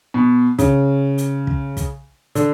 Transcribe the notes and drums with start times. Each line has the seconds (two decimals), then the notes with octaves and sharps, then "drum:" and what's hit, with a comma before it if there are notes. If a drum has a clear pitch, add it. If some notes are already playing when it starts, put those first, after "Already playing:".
0.14 B2
0.59 C#3, drum: kick, hi-hat
1.18 drum: hi-hat
1.47 drum: kick
1.77 drum: kick, hi-hat
2.35 D3, drum: hi-hat